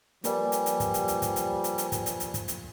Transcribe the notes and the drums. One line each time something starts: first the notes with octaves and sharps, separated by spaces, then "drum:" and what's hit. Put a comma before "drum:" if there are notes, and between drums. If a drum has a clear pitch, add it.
F3 G3 A#3 A#4 B4 D5 G#5, drum: hi-hat
drum: hi-hat
drum: hi-hat
drum: kick, hi-hat
drum: hi-hat
drum: hi-hat
drum: kick, hi-hat
drum: hi-hat
drum: hi-hat
drum: hi-hat
drum: kick, hi-hat
drum: hi-hat
drum: hi-hat
drum: kick, hi-hat
drum: hi-hat